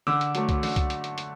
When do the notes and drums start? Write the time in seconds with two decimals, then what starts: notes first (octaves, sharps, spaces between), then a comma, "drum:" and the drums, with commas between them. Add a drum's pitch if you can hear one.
0.07 D3 D6 E6
0.21 drum: hi-hat
0.35 F#3 A3, drum: hi-hat
0.49 drum: kick C2, hi-hat
0.63 D3, drum: open hi-hat
0.76 drum: kick C2, hi-hat
0.90 drum: hi-hat
1.04 drum: hi-hat
1.18 drum: hi-hat